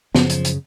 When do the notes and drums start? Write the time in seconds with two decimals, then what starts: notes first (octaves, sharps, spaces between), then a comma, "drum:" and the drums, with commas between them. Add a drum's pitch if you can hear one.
0.15 F#2 C#3 F3, drum: snare
0.30 drum: hi-hat
0.45 drum: hi-hat